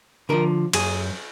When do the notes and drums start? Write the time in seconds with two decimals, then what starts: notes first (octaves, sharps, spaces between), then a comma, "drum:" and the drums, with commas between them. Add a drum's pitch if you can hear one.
0.29 D3 F3 A#4
0.73 F#2 G#4, drum: cymbal